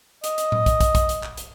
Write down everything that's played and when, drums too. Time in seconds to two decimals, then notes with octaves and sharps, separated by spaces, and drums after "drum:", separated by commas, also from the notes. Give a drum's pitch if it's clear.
0.24 D#5, drum: hi-hat
0.38 drum: hi-hat
0.52 drum: tom A2
0.66 drum: kick, hi-hat
0.81 drum: kick, hi-hat
0.95 drum: kick, hi-hat
1.09 drum: hi-hat
1.23 drum: clap
1.37 drum: hi-hat